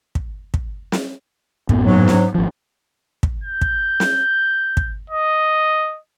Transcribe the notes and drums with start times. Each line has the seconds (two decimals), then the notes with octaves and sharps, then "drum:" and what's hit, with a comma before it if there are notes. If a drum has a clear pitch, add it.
0.15 drum: kick
0.54 drum: kick
0.92 drum: snare
1.69 F#2 A2 B3, drum: kick
1.85 G#2 F#3
2.08 drum: snare
2.35 G#1 F3
3.23 drum: kick
3.44 G6
3.61 drum: kick
4.00 drum: snare
4.77 drum: kick
5.10 D#5